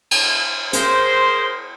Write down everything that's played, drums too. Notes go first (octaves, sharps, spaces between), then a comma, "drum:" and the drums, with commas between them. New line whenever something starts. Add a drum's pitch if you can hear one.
drum: cymbal
G#4 A#4 C5, drum: hi-hat